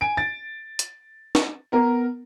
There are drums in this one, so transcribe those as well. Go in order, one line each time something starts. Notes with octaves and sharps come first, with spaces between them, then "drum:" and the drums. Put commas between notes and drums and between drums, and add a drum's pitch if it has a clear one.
G#5 D7
A6
drum: hi-hat
drum: snare
B3 A#4